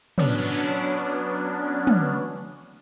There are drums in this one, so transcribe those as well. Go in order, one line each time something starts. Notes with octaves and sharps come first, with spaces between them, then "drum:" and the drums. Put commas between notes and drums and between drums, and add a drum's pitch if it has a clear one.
F#3 B3 C#4 D4, drum: tom
drum: cymbal
drum: tom